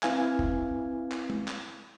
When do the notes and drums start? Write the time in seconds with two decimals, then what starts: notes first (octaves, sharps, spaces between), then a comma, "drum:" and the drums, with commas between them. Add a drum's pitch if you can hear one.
0.03 C4 E4 B4 F5 G#5, drum: clap
0.39 drum: kick
1.12 drum: clap
1.30 drum: tom
1.48 drum: clap